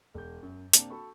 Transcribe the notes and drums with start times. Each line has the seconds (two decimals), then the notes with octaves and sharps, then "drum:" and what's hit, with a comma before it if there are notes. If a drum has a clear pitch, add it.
0.14 E1 G6
0.43 F#2
0.73 C3 A#3 C4 D4, drum: hi-hat
0.90 F#4 A4 B5 C#6